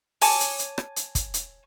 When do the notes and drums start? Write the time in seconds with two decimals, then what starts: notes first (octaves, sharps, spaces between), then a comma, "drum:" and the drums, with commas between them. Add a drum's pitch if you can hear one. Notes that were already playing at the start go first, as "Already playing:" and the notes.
0.22 C#5 G#5 A5 D6, drum: open hi-hat
0.40 drum: hi-hat
0.59 drum: hi-hat
0.78 drum: rim click
0.96 drum: hi-hat
1.15 drum: kick, hi-hat
1.34 drum: hi-hat